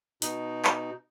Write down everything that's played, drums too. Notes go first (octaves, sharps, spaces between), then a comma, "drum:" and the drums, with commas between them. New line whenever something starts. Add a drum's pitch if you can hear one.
B2 D#4, drum: hi-hat
drum: clap